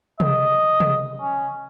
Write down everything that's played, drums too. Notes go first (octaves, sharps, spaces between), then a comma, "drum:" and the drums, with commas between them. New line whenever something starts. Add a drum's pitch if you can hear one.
D#5, drum: tom C3
drum: tom C3
C#4